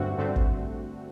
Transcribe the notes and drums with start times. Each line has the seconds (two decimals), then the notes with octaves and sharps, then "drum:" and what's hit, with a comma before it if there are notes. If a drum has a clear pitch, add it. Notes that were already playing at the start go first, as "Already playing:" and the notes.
Already playing: G2 D3 A3 C4 F#4
0.18 G2 D3 A3 C4
0.36 drum: kick